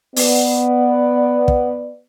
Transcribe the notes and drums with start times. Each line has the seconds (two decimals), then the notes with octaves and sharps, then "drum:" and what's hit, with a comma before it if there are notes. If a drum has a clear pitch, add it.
0.16 B3 D5, drum: open hi-hat
1.48 drum: kick